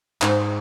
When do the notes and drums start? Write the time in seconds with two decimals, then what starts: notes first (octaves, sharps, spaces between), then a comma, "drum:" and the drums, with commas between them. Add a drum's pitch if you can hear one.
0.22 G#2 D#4, drum: clap